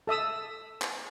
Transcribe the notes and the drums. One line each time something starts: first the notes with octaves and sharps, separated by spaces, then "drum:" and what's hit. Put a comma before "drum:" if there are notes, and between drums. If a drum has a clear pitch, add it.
A4 E5 D#6 E6
drum: clap